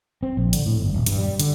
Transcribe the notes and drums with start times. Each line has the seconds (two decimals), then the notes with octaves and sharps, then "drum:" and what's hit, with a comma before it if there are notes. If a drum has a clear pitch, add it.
0.23 C4
0.37 A#1
0.53 D3, drum: hi-hat
0.66 A2
0.80 G1
0.94 D#1
1.06 G2, drum: hi-hat
1.18 G3
1.40 D3, drum: hi-hat